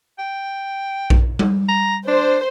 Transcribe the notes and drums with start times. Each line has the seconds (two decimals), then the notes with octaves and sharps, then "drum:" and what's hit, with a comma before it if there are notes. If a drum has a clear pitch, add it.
0.18 G5
1.10 drum: kick A#1
1.39 drum: tom G3
1.68 A#5
2.07 D4 C5